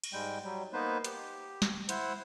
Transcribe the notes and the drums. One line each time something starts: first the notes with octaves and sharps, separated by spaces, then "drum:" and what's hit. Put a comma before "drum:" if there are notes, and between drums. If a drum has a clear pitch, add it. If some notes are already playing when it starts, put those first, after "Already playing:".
drum: cymbal
G#2 G3 G#3 G5
F#3 G3
A#3 B3 D#4 B4 C5
G4, drum: hi-hat
drum: snare
E4 C5 F#5, drum: hi-hat